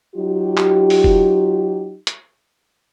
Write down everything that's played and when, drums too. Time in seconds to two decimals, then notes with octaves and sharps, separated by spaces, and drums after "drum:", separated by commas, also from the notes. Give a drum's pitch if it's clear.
0.15 F#3 D#4 F4 G4
0.57 drum: clap
0.90 drum: open hi-hat
1.04 drum: kick
2.07 drum: hi-hat